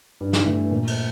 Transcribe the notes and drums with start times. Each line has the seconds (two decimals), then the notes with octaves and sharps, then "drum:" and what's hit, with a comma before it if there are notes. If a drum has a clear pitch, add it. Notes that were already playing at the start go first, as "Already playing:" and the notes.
0.21 G2
0.33 drum: snare
0.46 E3 A3
0.71 A#2
0.87 drum: cymbal